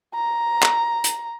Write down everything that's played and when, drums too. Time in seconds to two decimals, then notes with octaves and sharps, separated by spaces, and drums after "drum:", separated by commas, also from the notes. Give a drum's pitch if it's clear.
0.15 A#5
0.63 drum: clap
1.04 drum: hi-hat